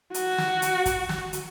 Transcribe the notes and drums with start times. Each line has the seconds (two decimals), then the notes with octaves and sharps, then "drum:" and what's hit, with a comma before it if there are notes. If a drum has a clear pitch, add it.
0.14 F#4, drum: hi-hat
0.38 drum: snare
0.62 drum: hi-hat
0.86 drum: kick, hi-hat
1.09 drum: snare
1.33 drum: hi-hat